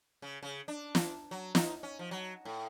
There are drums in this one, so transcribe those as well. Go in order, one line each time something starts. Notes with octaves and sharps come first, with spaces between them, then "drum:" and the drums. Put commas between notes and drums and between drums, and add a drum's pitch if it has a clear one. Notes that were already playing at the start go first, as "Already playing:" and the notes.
C#3
C#3
D4
drum: snare
F#3
D#4, drum: snare
C#4
F3
F#3
A2